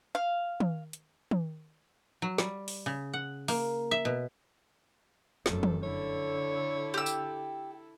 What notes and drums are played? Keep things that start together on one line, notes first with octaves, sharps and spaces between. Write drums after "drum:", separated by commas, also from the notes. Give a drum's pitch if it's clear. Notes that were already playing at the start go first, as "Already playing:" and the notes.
F5
drum: tom
drum: hi-hat
drum: tom
F#3
G3, drum: snare
drum: open hi-hat
C#3
F#5
A#3, drum: open hi-hat
E5
B2
F1 F#2 A4, drum: snare
drum: tom
D3 E4 A4 C#5
G4 E6
drum: tambourine